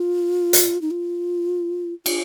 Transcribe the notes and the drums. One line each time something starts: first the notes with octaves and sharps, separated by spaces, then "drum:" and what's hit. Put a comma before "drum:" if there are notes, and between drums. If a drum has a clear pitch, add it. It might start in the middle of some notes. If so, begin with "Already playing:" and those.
Already playing: F4
drum: hi-hat
D#4
F4
F4, drum: cymbal